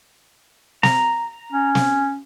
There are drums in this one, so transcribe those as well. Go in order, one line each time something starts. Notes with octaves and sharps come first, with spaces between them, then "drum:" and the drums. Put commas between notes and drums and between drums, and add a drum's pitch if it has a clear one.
A#5, drum: snare
C#4
drum: snare